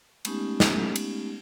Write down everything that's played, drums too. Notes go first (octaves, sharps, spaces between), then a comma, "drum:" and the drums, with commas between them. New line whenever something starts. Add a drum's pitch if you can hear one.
G#3 A3 B3 C#4 D#4 G4, drum: cymbal
drum: snare
drum: cymbal